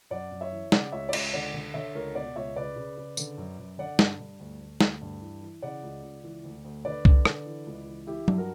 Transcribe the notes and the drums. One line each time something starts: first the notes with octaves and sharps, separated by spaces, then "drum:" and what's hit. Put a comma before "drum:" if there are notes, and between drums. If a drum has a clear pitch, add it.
F#2 D5 F#5
F#2
C#5 E5
E3
C#3 D5 F#5, drum: snare
C#2 C#5 E5
D5
C#2 C#5 E5, drum: cymbal
D3 D5 F#5
D3
D3 C#5 E5
C#2 A#4 C#5
B2 D5 F#5
C#2 C#5 E5
C#3 B4 D5
C#3
C#3
D3, drum: tambourine
F#2
F#2
D3 D5 F#5
G2, drum: snare
G2
D2
D2
D2, drum: snare
G2
E3
E3
C#3 D5 F#5
C#2
C#2
E3
D2
D2
D3 B4 D5
D3, drum: kick C2
D3, drum: rim click
E3
C#2
E3
E3 E4 G4
G2, drum: tom F#3
F#4 A#4